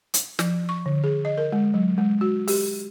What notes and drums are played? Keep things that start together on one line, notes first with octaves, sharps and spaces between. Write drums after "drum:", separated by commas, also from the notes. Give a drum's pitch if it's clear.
drum: hi-hat
F3, drum: snare
C#6
D3
G#4
D#5
A#4
G#3
F#3
G#3
F#4
G4, drum: open hi-hat